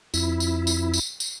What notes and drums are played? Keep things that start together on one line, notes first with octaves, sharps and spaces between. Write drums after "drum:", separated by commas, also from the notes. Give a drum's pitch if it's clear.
F2 E4, drum: tambourine
drum: tambourine
drum: tambourine
drum: tambourine
drum: tambourine